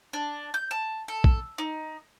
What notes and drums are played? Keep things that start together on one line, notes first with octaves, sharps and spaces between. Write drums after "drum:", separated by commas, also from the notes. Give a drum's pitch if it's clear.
D4
G6
A5
A4
drum: kick A#1
D#4